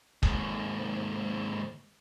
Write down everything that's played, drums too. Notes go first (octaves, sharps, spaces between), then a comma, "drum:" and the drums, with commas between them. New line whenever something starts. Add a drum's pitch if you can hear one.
D#2 G#2, drum: kick